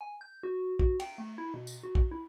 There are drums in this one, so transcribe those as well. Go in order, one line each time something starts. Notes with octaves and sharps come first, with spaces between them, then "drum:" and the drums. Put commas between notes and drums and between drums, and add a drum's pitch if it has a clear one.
G#5
G6
F#4
F#4, drum: kick
G5, drum: cymbal
A3
E4
B2
drum: tambourine
F#4
drum: kick
E4